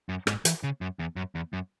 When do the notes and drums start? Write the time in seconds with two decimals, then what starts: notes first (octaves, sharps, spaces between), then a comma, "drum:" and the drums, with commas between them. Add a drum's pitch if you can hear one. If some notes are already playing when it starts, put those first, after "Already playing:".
0.09 F#2
0.27 G#2, drum: rim click
0.45 E3, drum: hi-hat
0.63 C#3
0.81 F#2
0.99 E2
1.16 F#2
1.35 E2
1.53 F#2